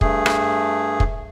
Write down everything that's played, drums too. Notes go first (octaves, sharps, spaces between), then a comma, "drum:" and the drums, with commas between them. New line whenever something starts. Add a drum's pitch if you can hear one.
G2 A3 G#4, drum: kick
drum: rim click
drum: kick